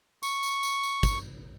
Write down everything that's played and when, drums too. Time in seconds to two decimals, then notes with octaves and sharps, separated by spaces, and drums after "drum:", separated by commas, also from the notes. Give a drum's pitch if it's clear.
0.23 C#6, drum: tambourine
0.43 drum: tambourine
0.63 drum: tambourine
0.83 drum: tambourine
1.03 drum: kick, tambourine